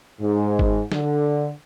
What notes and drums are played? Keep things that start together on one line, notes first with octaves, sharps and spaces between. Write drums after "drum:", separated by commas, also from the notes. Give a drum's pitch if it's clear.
G#2
drum: kick G1
D3, drum: snare